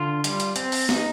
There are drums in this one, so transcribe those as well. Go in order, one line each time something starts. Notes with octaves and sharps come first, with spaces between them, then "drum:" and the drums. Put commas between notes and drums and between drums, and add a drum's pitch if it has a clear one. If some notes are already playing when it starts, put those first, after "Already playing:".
Already playing: D3 F4
G3, drum: hi-hat
drum: hi-hat
C4, drum: hi-hat
drum: open hi-hat
D#4, drum: snare